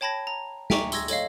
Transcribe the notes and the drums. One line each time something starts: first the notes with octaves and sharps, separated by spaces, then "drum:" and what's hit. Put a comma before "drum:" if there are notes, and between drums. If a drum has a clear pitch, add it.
C#5 G5 A5 B5 G#6 A#6
A#5
E5 G5 G#5 A#5 C#6 D6, drum: snare
C6 E6 G#6 A#6, drum: tambourine
A4 C#5 D#5 F5, drum: tambourine